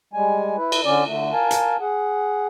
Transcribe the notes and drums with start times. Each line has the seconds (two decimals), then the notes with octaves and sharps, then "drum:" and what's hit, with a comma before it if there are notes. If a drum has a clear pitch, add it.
0.13 G3 G#3 G#5
0.57 E4 B4
0.72 drum: cymbal
0.85 D3 C#4 D5
1.07 D3 A3
1.33 A#4 F5 G#5 A5
1.51 drum: hi-hat
1.80 G#4 F#5